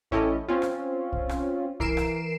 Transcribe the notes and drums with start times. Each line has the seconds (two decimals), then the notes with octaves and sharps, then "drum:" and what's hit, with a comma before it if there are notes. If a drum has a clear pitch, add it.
0.11 A1 C#4 E4 G4 A4 D#5
0.49 C4 C#4 F4
0.62 drum: rim click
1.12 drum: kick
1.29 drum: rim click
1.80 E3 A#4 C7 D7 E7, drum: kick
1.97 drum: rim click